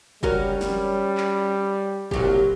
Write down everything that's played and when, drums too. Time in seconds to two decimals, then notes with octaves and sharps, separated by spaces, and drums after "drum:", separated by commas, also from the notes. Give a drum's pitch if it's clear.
0.23 G3 C#4 F#4 A#4, drum: kick
0.61 drum: snare
1.17 drum: clap
2.11 C2 A#2 F#3 G4, drum: kick